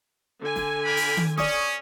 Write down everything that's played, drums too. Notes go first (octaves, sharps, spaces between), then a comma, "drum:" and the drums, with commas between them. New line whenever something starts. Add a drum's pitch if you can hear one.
D3 G#5
drum: snare
G4 A#4 B5
drum: open hi-hat
drum: tom D#3
C#4 D5 C#6 D#6, drum: snare